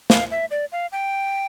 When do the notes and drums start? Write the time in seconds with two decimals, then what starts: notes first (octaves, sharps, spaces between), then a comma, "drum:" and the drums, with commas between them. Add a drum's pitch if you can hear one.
0.10 F5, drum: snare
0.31 E5
0.51 D5
0.72 F5
0.92 G5